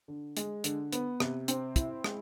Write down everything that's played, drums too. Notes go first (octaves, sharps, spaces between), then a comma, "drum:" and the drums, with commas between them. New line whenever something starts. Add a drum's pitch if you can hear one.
D3
G#3, drum: hi-hat
D3, drum: hi-hat
B3, drum: hi-hat
C3, drum: rim click
C4, drum: hi-hat
E4, drum: kick, hi-hat
G#3, drum: rim click